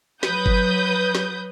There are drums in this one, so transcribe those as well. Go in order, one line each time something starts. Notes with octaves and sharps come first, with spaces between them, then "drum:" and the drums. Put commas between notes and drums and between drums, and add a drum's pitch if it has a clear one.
F#3 B4 D#6 G6, drum: snare
drum: kick G1
drum: snare